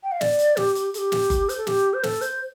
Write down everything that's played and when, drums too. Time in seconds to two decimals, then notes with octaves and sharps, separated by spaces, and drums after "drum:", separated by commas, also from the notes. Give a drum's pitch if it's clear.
0.03 G5
0.12 F5
0.21 D5, drum: snare
0.39 drum: hi-hat
0.57 G4, drum: snare
0.75 drum: hi-hat
0.94 A4, drum: hi-hat
0.98 G4
1.12 drum: snare
1.30 drum: kick F#1, hi-hat
1.49 C5, drum: hi-hat
1.57 A4
1.67 G4, drum: snare
1.94 C5
2.03 A4, drum: snare
2.21 C5, drum: hi-hat